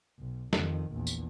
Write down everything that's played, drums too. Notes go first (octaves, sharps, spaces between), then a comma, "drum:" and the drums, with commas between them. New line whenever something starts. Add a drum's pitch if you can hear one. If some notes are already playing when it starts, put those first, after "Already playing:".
B1
F2 D#3, drum: snare
A#1 E2
drum: tambourine